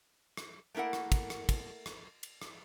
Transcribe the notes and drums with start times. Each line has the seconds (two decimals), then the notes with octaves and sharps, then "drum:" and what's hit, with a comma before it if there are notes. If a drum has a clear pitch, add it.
0.37 drum: rim click
0.75 A3 A#3 E4 A#4 F#5
0.93 drum: rim click
1.12 drum: kick, cymbal
1.30 drum: rim click
1.49 drum: kick, cymbal
1.86 drum: rim click
2.23 drum: cymbal
2.42 drum: rim click